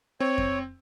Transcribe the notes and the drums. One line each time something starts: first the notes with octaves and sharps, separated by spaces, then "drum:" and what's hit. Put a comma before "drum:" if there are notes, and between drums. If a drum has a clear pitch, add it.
C4 C#5
drum: kick F2